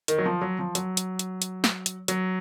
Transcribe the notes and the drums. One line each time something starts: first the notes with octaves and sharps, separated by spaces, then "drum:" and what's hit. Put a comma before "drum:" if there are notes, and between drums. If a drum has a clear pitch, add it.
D#3, drum: hi-hat
F#3
F3
F#3
F3
F#3, drum: hi-hat
drum: hi-hat
drum: hi-hat
drum: hi-hat
drum: snare
drum: hi-hat
F#3, drum: hi-hat